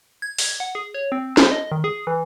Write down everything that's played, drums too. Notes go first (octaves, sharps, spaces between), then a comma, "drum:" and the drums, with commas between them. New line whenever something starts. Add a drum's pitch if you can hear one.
G#6
drum: open hi-hat
F#5
G#4
C#5
C4
C5, drum: snare
D#5
D#3
G#4
E3